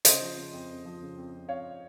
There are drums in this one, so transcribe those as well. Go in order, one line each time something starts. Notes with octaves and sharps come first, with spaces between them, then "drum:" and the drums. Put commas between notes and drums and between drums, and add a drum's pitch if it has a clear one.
C#3 C5 D#5, drum: hi-hat
F3
C#3
F2
F2
F3
C#3
F2
F2
F2 C#5 F5